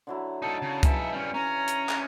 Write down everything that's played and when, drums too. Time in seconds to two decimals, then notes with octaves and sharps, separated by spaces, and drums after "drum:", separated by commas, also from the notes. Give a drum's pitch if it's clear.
0.07 D3 F#3 E4
0.42 D#4 A4 A5
0.62 C#3
0.83 C#3 E3 D#4 E5 G#5, drum: kick C#2, hi-hat
1.12 G3 C#4
1.34 C#4 A#5
1.68 drum: hi-hat
1.89 drum: clap